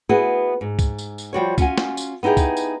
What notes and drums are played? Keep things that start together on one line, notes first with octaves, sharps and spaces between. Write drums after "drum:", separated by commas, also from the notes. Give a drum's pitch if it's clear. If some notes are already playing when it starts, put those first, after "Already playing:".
B3 E4 F#4 G#4
G#2
drum: kick C#2, tambourine
drum: tambourine
drum: tambourine
F3 G3 F#4 C#5
C#4 F4 F#4 G#5, drum: kick C#2, tambourine
drum: snare
drum: tambourine
B3 D#4 E4 G4 G#4
drum: kick C#2, tambourine
drum: tambourine